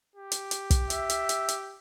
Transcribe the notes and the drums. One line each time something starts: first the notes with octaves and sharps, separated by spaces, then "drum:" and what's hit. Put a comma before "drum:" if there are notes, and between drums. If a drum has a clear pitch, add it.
G4
drum: hi-hat
drum: hi-hat
drum: kick, hi-hat
E5, drum: hi-hat
drum: hi-hat
drum: hi-hat
drum: hi-hat